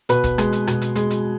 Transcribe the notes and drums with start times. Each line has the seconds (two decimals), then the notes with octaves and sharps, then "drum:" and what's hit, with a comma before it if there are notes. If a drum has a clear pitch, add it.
0.09 B2 B4, drum: hi-hat
0.24 drum: kick, hi-hat
0.38 G#3, drum: rim click
0.53 drum: hi-hat
0.67 B2, drum: rim click
0.82 drum: hi-hat
0.95 G#3, drum: hi-hat
1.10 drum: hi-hat